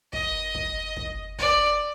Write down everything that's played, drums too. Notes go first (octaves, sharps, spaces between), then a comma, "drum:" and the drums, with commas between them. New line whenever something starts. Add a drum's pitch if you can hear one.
D#5, drum: kick
drum: kick
drum: kick
D5, drum: kick